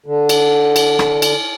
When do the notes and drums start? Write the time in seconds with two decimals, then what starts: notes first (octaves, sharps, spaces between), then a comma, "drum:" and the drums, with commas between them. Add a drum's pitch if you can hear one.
0.06 D3
0.29 drum: cymbal
0.76 drum: cymbal
0.99 drum: rim click
1.22 drum: cymbal